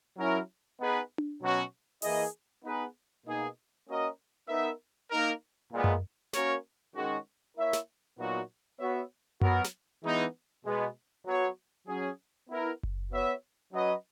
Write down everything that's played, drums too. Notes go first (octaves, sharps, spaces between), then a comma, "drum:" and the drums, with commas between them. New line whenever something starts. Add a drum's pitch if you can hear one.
F#3 C#4 E4 A#4
B3 D#4 G#4 B4
drum: tom D4
B2 F#3 C#4 F#4
E3 A#3 E4 G#4 D#5, drum: open hi-hat
B3 D#4 G#4 B4
B2 A#3 D#4 G#4
A#3 C#4 F#4 A#4 D#5
B3 D#4 A#4 E5
A#3 D#4 A#4
A#2 G#3 B3
drum: tom F#2
A#3 C#4 F#4 A#4 C#5, drum: snare
D#3 G#3 C#4 F#4
A#3 E4 A#4 C#5 E5
drum: snare
A#2 F#3 B3 D#4 F#4
B3 F#4 C#5 E5
F#3 B3 F#4 A#4, drum: tom F#2
drum: snare
E3 G#3 B3 D#4
B2 G#3 B3
F#3 B3 F#4 C#5
F#3 C#4 G#4
B3 E4 A#4
drum: kick F#1
B3 F#4 C#5 E5
F#3 C#4 F#4 B4 D#5